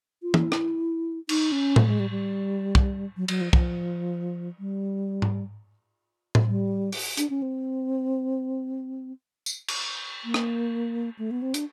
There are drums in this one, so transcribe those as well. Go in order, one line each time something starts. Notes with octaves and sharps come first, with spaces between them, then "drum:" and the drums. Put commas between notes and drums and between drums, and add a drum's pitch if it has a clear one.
F4
E4, drum: tom
drum: rim click
D#4, drum: cymbal
C#4
A3, drum: tom A2
G#3
G3
G3
drum: kick
F#3
F#3, drum: cymbal
F3
F3, drum: kick
G3
drum: tom G#2
drum: tom A2
G3
drum: open hi-hat
D4, drum: hi-hat
C#4
C4
drum: tambourine
drum: cymbal
A#3
drum: rim click
A3
B3
C4
D4, drum: hi-hat